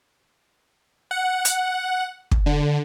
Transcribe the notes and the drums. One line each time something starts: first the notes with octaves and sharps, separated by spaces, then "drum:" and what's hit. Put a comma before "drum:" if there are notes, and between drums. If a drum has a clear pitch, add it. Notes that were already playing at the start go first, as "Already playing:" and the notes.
F#5
drum: hi-hat
drum: kick
D3